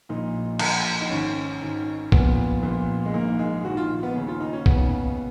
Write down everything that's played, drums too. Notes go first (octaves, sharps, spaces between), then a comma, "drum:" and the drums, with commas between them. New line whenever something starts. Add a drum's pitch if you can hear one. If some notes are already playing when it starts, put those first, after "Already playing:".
A#1 A#2 D#4
A#1 A#2, drum: cymbal
D#4
G#1 G#2 D#3 C#4
G#1 G#2 D#3
A#1 A#2 B3, drum: kick A#1
A#1 A#2
G#3
A#1 G#2 D#3 A#3
G#3
A#1 G#2 D#3 F#4
F4
B3
D#2 C#3
F4
D#4
C#4
D#2 C#3 B3, drum: kick A#1